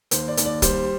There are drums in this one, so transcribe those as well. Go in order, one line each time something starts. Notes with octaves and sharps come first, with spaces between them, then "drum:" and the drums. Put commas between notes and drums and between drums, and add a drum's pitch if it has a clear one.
D#2 C5, drum: hi-hat
D5
D#2, drum: hi-hat
D5
G3 C5, drum: kick, hi-hat